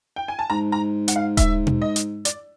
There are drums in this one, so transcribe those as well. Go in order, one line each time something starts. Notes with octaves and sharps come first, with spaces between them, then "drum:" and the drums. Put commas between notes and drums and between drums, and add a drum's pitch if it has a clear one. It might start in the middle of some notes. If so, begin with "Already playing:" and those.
G5
G#5
A5
G#2 A#5
A#5
F#5, drum: hi-hat
F5
E5, drum: kick D#1, hi-hat
drum: tom B2
D#5
drum: hi-hat
D5, drum: hi-hat